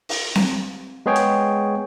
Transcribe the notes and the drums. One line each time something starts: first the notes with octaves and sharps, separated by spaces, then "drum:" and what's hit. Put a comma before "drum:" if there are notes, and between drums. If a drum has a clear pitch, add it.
drum: open hi-hat
drum: snare C4
G#3 B3 G#4 C#5 G5
drum: hi-hat